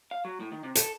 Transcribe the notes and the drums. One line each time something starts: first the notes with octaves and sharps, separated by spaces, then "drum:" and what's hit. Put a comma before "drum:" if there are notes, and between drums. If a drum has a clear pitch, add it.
F5
F#3
A2
D#3
C3
A4, drum: hi-hat